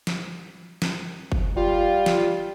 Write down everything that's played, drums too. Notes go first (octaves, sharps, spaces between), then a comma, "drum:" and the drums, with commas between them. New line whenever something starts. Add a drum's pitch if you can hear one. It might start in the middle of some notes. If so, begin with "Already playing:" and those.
drum: snare
drum: snare
drum: kick F#1
G3 F4
drum: snare